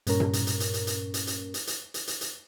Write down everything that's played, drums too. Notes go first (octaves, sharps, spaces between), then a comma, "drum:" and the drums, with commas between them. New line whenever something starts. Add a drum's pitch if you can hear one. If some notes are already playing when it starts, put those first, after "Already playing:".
G2 A#2 C#4 A#4, drum: hi-hat
drum: tom C3
drum: hi-hat
drum: hi-hat
drum: hi-hat
drum: hi-hat
drum: hi-hat
drum: hi-hat
drum: hi-hat
drum: hi-hat
drum: hi-hat
drum: hi-hat
drum: hi-hat
drum: hi-hat